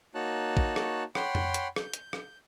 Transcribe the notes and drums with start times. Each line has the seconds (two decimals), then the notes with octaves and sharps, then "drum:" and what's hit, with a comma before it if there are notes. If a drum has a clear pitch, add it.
0.15 A#3 D#4 F#4 C#5 A5 F#6
0.57 drum: kick
0.76 drum: rim click
1.15 C#5 F#5 G5 B5 C6, drum: rim click
1.35 drum: tom F2
1.54 drum: hi-hat
1.76 G6, drum: rim click
1.94 drum: hi-hat
2.13 drum: rim click